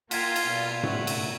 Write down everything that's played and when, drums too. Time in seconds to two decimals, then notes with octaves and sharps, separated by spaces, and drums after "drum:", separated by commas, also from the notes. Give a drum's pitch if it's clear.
0.11 A#3 F4 F#5 G5 A#5 G#6 A#6 B6, drum: cymbal
0.36 drum: cymbal
0.50 B2 G3
0.83 A2 C#3 E5 F#5 C#6, drum: tom G#2
1.07 drum: cymbal